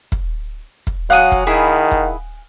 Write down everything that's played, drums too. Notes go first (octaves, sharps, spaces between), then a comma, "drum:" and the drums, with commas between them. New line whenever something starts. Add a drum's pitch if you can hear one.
drum: kick
drum: kick
F#3 F5 F#5 G#5 D#6 F#6
drum: kick
D#3 E4 G#4 B5
drum: kick